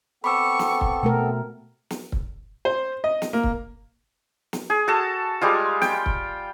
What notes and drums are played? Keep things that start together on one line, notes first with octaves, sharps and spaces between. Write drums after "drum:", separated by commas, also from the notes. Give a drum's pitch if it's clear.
B3 C4 A4 B5 C#6 D6 E6
drum: snare
drum: kick C#1
B2 A3 A#4
drum: snare
drum: kick C#1
C5
D#5
drum: snare
A#3
drum: kick C#1
drum: snare
G#4
F#4 A4 A5
G3 G#3 F4
G5, drum: snare
drum: kick C#1